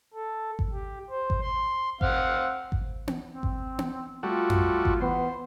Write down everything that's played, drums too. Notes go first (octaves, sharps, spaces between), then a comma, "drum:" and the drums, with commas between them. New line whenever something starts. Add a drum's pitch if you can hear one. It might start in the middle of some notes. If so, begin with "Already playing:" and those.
A4
drum: kick G#1
G4
C5
drum: kick G#1
C6
C4 F5 F#5, drum: kick G#1
drum: kick G#1
drum: tom B3
C4
drum: kick G#1
drum: tom B3
G3 A3 F4 F#4
drum: tom F2
drum: kick G#1
E3 B3 C5